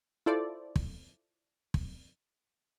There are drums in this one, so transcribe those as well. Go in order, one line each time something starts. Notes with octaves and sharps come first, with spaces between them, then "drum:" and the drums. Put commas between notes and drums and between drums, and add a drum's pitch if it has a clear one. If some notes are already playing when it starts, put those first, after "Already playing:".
E4 F4 A4 C5 D5
drum: kick
drum: kick